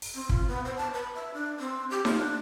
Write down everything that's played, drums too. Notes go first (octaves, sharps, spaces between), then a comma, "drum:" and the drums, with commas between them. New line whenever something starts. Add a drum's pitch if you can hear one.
drum: open hi-hat
C4
F4, drum: kick
B3
C5
A5
B4
E5
D4
C4
G4
F4, drum: snare D#4
D4